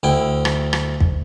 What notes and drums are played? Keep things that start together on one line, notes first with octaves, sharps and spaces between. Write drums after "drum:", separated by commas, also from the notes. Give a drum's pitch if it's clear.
D2 E4 G5
drum: rim click
drum: rim click
drum: kick